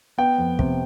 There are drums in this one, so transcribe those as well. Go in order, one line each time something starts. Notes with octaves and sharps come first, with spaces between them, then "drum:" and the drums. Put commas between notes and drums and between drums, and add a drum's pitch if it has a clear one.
B3 G5
F2
C3, drum: kick